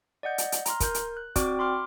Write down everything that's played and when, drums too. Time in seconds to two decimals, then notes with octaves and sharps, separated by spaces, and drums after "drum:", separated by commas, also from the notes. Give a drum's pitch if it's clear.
0.23 D5 D#5 F#5 G6
0.38 drum: hi-hat
0.52 drum: hi-hat
0.66 A#5 C6 F6, drum: hi-hat
0.80 A#4 G6, drum: kick, hi-hat
0.94 drum: hi-hat
1.17 F#6
1.36 C4 F#4 D5 G5 D6 F6, drum: kick, hi-hat
1.59 B5 C6 D6 F6